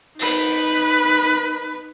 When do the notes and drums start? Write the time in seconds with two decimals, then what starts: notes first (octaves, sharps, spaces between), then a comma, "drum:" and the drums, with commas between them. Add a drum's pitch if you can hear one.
0.19 D#4 B4, drum: open hi-hat